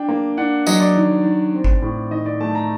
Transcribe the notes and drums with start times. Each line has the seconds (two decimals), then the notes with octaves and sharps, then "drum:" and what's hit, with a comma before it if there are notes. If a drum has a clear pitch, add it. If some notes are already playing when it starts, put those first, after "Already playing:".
Already playing: D4 G5
0.09 A#3
0.37 D4 F#5
0.67 F#3 D#5, drum: tambourine
0.81 D5
0.96 D#3
1.24 D#3
1.54 C4
1.64 drum: kick G#1
1.82 A2
2.11 D#3 D#5
2.26 D5
2.40 A3 A5
2.55 A#5